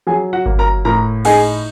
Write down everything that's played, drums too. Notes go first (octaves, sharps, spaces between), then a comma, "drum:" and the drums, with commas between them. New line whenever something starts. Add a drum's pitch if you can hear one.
F#3 G#4 G#5
F#4 F#5
A#3, drum: kick G1
A#4 A#5
A2 A#4 A#5
D#4 G#4 G#5, drum: cymbal